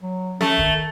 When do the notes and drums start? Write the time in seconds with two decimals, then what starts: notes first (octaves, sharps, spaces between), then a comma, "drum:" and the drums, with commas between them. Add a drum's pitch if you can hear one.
0.01 F#3
0.41 A3 C#4, drum: snare
0.58 D#3, drum: kick D1